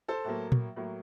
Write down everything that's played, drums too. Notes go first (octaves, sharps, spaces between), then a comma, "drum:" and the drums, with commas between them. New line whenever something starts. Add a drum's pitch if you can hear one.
A4 C5
A2 F#3 A#3
drum: tom
A2 F#3 A#3